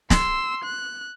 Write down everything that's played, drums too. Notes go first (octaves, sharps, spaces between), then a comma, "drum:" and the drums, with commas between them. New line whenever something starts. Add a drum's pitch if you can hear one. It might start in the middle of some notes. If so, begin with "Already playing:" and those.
C6 E6, drum: snare
F#6